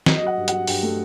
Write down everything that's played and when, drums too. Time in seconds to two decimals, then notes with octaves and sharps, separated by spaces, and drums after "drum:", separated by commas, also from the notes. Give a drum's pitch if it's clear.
0.06 F#3 D#5, drum: snare
0.17 D#5
0.23 F#3 F#5
0.37 G2
0.48 F#3 F#5, drum: hi-hat
0.67 G2 G5, drum: open hi-hat
0.83 A3